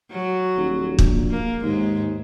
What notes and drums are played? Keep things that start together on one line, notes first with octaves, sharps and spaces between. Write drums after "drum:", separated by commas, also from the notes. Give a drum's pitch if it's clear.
F#3
D#1
A#1, drum: kick
A#3
D#2 G#2 G#3